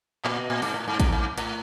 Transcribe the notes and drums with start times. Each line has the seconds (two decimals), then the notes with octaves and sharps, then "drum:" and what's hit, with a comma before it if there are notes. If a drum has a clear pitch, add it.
0.25 A#2, drum: clap
0.37 B2
0.50 A#2
0.62 G#2, drum: open hi-hat
0.74 A2
0.88 G#2
1.00 A2, drum: kick A#1, hi-hat
1.12 G#2
1.38 A2, drum: hi-hat